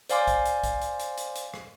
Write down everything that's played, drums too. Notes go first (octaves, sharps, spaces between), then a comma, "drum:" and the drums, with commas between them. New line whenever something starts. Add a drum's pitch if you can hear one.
C5 D5 F5 G#5 C6 D6, drum: hi-hat
drum: kick B1, hi-hat
drum: hi-hat
drum: kick B1, hi-hat
drum: hi-hat
drum: hi-hat
drum: hi-hat
drum: hi-hat
drum: rim click